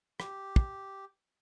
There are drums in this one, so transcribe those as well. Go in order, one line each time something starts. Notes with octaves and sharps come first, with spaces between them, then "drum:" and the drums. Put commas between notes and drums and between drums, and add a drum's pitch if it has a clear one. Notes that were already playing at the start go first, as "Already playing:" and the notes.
G4, drum: rim click
drum: kick